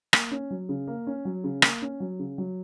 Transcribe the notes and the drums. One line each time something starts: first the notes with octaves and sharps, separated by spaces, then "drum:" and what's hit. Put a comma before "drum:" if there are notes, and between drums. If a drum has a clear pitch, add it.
A#3, drum: rim click
C#4
F#3
C#3
A#3
C#4
F#3
C#3
A#3, drum: rim click
C#4
F#3
C#3
F#3